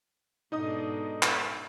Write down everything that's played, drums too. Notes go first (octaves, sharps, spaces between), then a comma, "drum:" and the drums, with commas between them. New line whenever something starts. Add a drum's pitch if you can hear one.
G#2 B2 D3 D#4 D#5 D#6
drum: clap